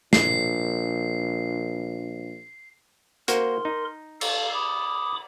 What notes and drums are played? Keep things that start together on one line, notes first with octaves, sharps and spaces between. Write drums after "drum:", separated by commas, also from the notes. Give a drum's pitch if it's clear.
A#1 C7, drum: snare
A#3 F#4 A#4 C5 C6, drum: hi-hat
D#4
A4 F5, drum: cymbal
B5 D6 D#6